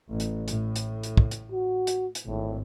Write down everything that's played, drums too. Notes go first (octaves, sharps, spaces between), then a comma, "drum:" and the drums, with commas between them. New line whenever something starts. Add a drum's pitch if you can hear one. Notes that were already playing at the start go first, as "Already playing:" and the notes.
A1
drum: hi-hat
A2, drum: hi-hat
drum: hi-hat
drum: hi-hat
drum: kick
drum: hi-hat
F#4
drum: hi-hat
drum: hi-hat
G#1 A2